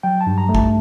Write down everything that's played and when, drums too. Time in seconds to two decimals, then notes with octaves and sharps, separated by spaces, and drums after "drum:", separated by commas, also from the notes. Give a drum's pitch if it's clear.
0.03 F#3 G5
0.21 A5
0.27 G2
0.38 A#5
0.49 A3
0.55 A5, drum: kick